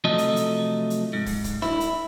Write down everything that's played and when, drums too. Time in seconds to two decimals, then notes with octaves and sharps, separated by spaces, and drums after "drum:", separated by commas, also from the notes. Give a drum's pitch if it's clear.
0.04 C3 F3 F#3 A3 A4 D#5
0.18 drum: hi-hat
0.36 drum: hi-hat
0.90 drum: hi-hat
1.13 G#2
1.26 drum: kick, open hi-hat
1.44 drum: kick, hi-hat
1.62 E4, drum: snare D4
1.80 drum: hi-hat